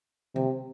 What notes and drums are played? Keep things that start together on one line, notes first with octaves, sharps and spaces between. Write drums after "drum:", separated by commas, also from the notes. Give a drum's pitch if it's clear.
C3, drum: tom D3